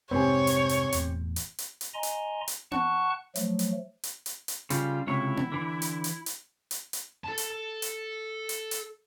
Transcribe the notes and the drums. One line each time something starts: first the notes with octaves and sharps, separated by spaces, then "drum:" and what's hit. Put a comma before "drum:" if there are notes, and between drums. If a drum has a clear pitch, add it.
F1 C2 G#2 C4 G4 C#5 G#5
drum: hi-hat
drum: hi-hat
E1 E2 A2, drum: hi-hat
drum: hi-hat
drum: hi-hat
drum: hi-hat
D#5 G#5 A#5 C6
drum: hi-hat
drum: hi-hat
F#5 A5 C#6 F#6, drum: tom B3
F3 F#3 A3, drum: hi-hat
drum: hi-hat
drum: hi-hat
drum: hi-hat
drum: hi-hat
C#3 G3 F4, drum: hi-hat
C#2 C3 E4 C#5
drum: tom B3
D3 E3
drum: hi-hat
drum: hi-hat
drum: hi-hat
drum: hi-hat
drum: hi-hat
A4 A5
drum: hi-hat
drum: hi-hat
drum: hi-hat
drum: hi-hat